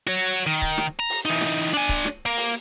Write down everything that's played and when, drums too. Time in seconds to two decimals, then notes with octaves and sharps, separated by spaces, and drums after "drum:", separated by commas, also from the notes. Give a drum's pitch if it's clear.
0.07 F#4 C#5
0.46 D#3
0.62 drum: kick C#1, hi-hat
0.78 drum: snare
1.00 A#5
1.10 drum: open hi-hat
1.25 E3 D#4, drum: hi-hat
1.41 drum: snare
1.57 drum: hi-hat
1.74 D4 G#5
1.89 drum: kick C#1, hi-hat
2.05 drum: snare
2.26 A#3
2.37 drum: open hi-hat